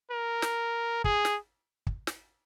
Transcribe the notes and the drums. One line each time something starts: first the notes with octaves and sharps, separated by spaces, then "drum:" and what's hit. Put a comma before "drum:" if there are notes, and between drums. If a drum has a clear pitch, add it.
A#4
drum: snare
G#4, drum: kick
drum: snare
drum: kick
drum: snare